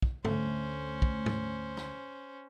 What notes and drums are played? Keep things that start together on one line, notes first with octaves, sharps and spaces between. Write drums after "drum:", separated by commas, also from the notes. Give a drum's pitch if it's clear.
drum: kick
D2 D3 A3 C#4 C5, drum: tom G#2
drum: kick
drum: tom G#2
drum: rim click